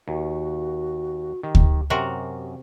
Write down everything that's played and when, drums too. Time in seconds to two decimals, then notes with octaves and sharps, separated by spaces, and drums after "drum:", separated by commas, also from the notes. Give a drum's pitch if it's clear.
0.08 D#2 F#4
1.43 D#3 G4
1.55 drum: kick D2
1.90 F#2 C3 F#4 G4 A#4